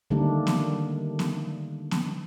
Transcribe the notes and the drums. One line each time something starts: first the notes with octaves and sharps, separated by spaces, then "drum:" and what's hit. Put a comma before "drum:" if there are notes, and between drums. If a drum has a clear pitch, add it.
D3 D#3 G3 A3 A#3 D4
drum: snare B3
drum: snare B3
drum: snare B3